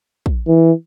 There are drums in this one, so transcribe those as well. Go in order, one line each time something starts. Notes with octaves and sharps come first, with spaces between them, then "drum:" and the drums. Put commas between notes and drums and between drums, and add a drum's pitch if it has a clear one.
drum: kick
E3